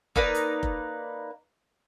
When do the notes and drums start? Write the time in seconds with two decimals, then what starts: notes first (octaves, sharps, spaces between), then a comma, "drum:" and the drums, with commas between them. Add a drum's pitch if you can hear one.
0.16 A#3 D#4 B4 D5, drum: kick F1
0.35 drum: hi-hat
0.63 drum: kick F1